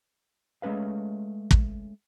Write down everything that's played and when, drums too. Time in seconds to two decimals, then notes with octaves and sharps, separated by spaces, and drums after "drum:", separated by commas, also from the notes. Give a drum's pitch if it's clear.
0.62 G#3 A3 C#4 B4 F5
1.51 drum: kick